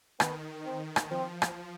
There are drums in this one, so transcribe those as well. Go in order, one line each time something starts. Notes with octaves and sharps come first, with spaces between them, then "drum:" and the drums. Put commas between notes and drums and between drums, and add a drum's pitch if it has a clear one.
D#3 B3, drum: rim click
C4
drum: rim click
F3 C4
drum: rim click